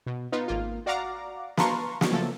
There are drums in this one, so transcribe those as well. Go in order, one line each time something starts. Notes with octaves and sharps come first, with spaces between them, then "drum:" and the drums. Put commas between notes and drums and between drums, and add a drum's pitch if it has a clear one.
B2
B3 D#4 F4
G#1 A#3 F4
F#4 D5 F5 F#5 A#5 D6
B4 F5 A5 A#5 C6 C#6, drum: snare
drum: snare
C#3 F3 F#3 A3 A#3 A4